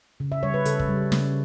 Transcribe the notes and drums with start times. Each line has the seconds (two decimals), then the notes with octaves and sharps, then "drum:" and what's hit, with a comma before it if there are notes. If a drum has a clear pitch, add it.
0.20 C#3
0.32 E5
0.43 G3 C#5
0.54 B4
0.65 C#3 A4, drum: hi-hat
0.80 drum: kick
0.89 G3
1.12 C#3, drum: snare